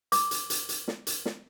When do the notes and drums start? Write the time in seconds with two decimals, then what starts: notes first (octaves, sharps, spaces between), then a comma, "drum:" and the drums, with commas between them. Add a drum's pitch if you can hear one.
0.12 D6, drum: hi-hat
0.31 drum: hi-hat
0.50 drum: hi-hat
0.69 drum: hi-hat
0.88 drum: snare
1.07 drum: hi-hat
1.26 drum: snare